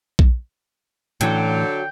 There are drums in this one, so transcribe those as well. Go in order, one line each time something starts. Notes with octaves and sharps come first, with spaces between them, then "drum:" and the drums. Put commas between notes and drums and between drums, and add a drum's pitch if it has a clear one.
drum: kick A#1
A2 D3 E3 F#3 G5, drum: hi-hat